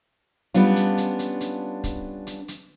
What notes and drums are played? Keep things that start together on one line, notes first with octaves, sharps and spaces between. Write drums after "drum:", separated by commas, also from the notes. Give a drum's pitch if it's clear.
G3 B3 C#4 D4 F4, drum: hi-hat
drum: hi-hat
drum: hi-hat
drum: hi-hat
drum: hi-hat
drum: kick, hi-hat
drum: hi-hat
drum: hi-hat